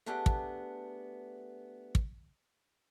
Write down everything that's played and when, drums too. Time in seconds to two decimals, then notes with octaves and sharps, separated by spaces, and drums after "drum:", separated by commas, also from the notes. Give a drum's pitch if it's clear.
0.06 A3 B3 D4 G4 G#4
0.26 drum: kick
1.95 drum: kick